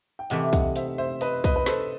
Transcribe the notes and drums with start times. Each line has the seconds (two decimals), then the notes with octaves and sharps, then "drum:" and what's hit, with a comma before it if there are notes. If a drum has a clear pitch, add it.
0.19 G5
0.30 C3 E3 A3 D#5 F#5, drum: hi-hat
0.53 D#5 F#5, drum: kick, hi-hat
0.76 C5 E5, drum: hi-hat
0.98 C5 E5
1.21 B4 D#5, drum: hi-hat
1.44 B4 D#5, drum: kick, hi-hat
1.56 B4
1.66 A4 C5, drum: snare